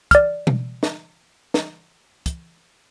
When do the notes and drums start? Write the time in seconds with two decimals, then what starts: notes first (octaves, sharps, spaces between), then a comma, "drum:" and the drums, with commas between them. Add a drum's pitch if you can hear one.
0.11 D5 F6, drum: kick, hi-hat
0.47 drum: tom B2
0.83 drum: snare
1.54 drum: snare
2.26 drum: kick, hi-hat